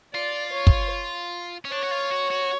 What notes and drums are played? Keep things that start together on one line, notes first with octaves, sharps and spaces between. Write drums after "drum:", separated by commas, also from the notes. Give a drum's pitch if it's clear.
F4 D5
C#5
drum: kick
C#4
D4 C#5
F#4
F4
F#4
F#4